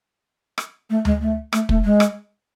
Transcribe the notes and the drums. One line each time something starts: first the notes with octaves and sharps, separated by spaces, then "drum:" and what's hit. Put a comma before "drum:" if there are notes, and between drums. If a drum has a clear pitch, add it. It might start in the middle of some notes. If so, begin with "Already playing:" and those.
drum: rim click
A3
G#3, drum: tom D2
A3
A3, drum: rim click
A3, drum: kick
G#3
drum: rim click